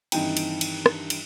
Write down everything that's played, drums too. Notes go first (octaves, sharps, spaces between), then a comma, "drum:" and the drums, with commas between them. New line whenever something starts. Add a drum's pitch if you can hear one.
G2 D#3 E3 C4 D#4 G5, drum: cymbal
drum: cymbal
drum: cymbal
drum: rim click
drum: cymbal